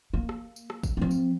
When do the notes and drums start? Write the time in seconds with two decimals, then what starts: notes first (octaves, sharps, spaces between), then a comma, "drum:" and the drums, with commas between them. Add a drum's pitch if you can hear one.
0.13 A#3
0.29 drum: rim click
0.56 drum: tambourine
0.70 drum: rim click
0.83 drum: kick, tambourine
0.97 F3 C4
1.11 drum: tambourine